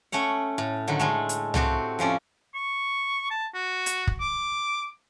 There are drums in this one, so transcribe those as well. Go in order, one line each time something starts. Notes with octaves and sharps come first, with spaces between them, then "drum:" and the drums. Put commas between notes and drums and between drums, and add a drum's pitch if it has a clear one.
A3 C#4 C#5 F#5
A2
D3 D#3 F#3
A2 G#3 A3
drum: hi-hat
A3 C4 F#4 G4, drum: tom
F2 F3 C#4 D5
C#6
A5
F#4
drum: hi-hat
drum: kick
D6